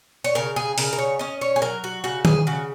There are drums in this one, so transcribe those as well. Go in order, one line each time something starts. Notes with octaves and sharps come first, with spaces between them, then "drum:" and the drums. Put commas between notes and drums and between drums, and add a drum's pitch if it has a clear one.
C#5
C#3 A#4
G#4
C#3 A#4, drum: open hi-hat
A#4
C#5
C#4 D#5
C#5
G#4
F#3 A#4
F#4
C#3 F#4
G#4, drum: tom D#3
C#3 F#4